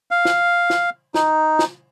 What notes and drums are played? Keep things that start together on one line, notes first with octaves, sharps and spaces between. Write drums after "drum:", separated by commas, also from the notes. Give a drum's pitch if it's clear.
F5
drum: snare
drum: snare
D#4, drum: snare
drum: snare